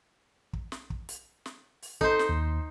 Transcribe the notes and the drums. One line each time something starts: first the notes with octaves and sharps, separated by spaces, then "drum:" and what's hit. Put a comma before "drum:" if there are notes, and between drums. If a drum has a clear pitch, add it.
drum: kick
drum: snare
drum: kick
drum: hi-hat
drum: snare
drum: open hi-hat
D#4 A4 C5, drum: kick
drum: snare
D#2